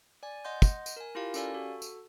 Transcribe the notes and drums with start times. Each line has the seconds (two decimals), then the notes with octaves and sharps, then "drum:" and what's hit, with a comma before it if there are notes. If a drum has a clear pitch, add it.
0.23 D5 G#5
0.44 D#5 F#5 C6 G6
0.62 drum: kick, tambourine
0.86 drum: tambourine
0.97 A#4 G#5
1.15 E4 F4 G4 A#4 F5
1.34 C#4 G4 A4 D5 F5 G#5, drum: tambourine
1.54 F#4 A4
1.82 drum: tambourine